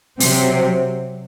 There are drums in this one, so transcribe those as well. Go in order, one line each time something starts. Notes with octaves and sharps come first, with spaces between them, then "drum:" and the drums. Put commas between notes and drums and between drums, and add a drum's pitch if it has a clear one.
C3 F#3 C4, drum: open hi-hat